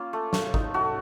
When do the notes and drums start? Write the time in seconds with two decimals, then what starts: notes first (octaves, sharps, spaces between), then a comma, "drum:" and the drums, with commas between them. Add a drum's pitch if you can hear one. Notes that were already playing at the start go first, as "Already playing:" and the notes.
Already playing: A#3 C#4 F4
0.13 A3
0.33 A3, drum: snare
0.54 D#4, drum: kick G1
0.74 A3 F#4